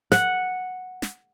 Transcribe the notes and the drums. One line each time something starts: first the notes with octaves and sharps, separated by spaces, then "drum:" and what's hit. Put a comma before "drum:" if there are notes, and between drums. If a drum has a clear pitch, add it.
F#5, drum: snare
drum: snare